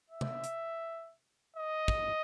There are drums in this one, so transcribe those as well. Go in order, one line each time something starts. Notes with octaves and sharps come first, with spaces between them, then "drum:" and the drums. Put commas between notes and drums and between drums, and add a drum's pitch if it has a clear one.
E5
drum: tom C3
drum: hi-hat
D#5
drum: kick